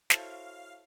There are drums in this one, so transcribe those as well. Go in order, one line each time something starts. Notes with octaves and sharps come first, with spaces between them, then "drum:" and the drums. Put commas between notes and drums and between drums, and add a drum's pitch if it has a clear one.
E4 F#4 A4 C5 C#5 E5 F5, drum: snare